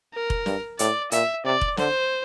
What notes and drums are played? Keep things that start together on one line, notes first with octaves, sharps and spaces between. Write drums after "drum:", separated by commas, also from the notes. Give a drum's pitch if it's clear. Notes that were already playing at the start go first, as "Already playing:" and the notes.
A#4
drum: kick F1
G2, drum: snare
A2 D5, drum: hi-hat
A#2 E5, drum: hi-hat
C3 D5
drum: kick F1
D3 C5, drum: snare